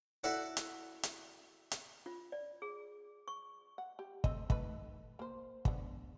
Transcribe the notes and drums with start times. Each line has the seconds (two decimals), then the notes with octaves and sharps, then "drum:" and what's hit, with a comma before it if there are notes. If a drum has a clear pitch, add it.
0.24 E4 F#4 A4 D5 F#5
0.57 drum: hi-hat
1.03 drum: hi-hat
1.71 drum: hi-hat
2.06 F4
2.32 D5
2.62 G#4
3.28 C#6
3.78 F#5
3.99 G4
4.24 A3 C4 D#5, drum: kick
4.50 D#3 A3 B4, drum: kick
5.19 A#3 C5
5.65 D3 B3, drum: kick